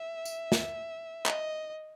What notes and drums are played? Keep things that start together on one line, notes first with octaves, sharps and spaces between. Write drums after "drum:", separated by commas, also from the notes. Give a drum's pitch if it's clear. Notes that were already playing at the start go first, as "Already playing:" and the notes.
Already playing: E5
drum: tambourine
drum: snare
D#5, drum: clap